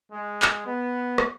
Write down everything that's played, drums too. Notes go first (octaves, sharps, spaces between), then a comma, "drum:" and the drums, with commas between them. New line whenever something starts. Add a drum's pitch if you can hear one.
G#3
drum: clap
B3
drum: rim click